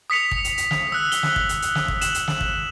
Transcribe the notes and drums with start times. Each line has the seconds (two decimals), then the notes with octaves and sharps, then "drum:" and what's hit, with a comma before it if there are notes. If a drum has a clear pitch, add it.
0.10 D#6 B6 C#7 F7
0.31 drum: kick
0.45 drum: hi-hat
0.58 drum: hi-hat
0.71 drum: snare
0.92 E6 F#6
1.12 G7, drum: hi-hat
1.23 drum: snare
1.36 drum: kick
1.49 drum: hi-hat
1.62 drum: hi-hat
1.75 drum: snare
1.88 drum: kick
2.01 E7 F#7, drum: hi-hat
2.14 drum: hi-hat
2.28 drum: snare
2.41 drum: kick